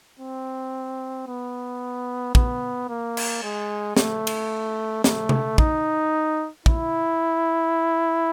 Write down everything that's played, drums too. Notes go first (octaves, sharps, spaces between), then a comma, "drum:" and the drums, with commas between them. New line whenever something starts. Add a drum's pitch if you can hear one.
C4
B3
B3, drum: kick
A#3
drum: cymbal
G#3
A3, drum: snare
drum: cymbal
A3, drum: snare
drum: tom C3
D#4, drum: kick
E4, drum: kick